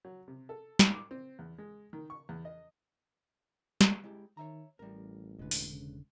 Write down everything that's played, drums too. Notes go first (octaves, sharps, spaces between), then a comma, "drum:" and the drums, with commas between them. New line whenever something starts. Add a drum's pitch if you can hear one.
F#3
C3
A4
G#2, drum: snare
D6
C4
E2
G#3
D#3
C#6
E2
D#5
drum: snare
G#3 E4 G4
D#3 C#5 E5 A#5
A1 G3 A#4
E1 D3 G#3 B4
drum: open hi-hat
C#3